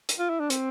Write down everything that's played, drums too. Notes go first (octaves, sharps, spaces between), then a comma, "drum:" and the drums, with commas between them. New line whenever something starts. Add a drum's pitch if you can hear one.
drum: hi-hat
F4
E4
D4
C4, drum: hi-hat